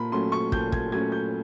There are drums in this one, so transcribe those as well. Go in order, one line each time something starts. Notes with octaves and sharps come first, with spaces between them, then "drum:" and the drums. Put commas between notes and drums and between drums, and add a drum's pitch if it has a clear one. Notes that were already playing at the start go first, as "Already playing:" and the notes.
Already playing: A#2 A#5 B5
F#3 A3 C#4 C6
C#6
A#2 G6, drum: kick
G#6, drum: kick
F#3 A3 C#4 G#6
G6